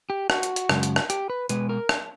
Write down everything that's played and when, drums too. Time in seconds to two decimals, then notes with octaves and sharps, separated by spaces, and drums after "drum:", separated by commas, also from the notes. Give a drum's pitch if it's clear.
0.10 G4
0.30 F#4, drum: rim click
0.43 drum: hi-hat
0.56 drum: hi-hat
0.69 F#2 C#3 G#3, drum: rim click
0.83 drum: hi-hat
0.96 drum: rim click
1.10 G4, drum: hi-hat
1.30 B4
1.49 B2 G#3 B4, drum: hi-hat
1.69 A#4
1.89 drum: rim click